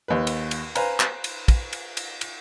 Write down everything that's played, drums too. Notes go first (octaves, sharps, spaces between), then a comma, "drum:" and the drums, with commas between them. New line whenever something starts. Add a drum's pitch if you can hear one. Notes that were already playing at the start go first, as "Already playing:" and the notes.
D#2 B4
drum: cymbal
drum: cymbal
B4 C5 F5 G#5 A#5, drum: cymbal
drum: clap
drum: cymbal
drum: kick, cymbal
drum: cymbal
drum: cymbal
drum: cymbal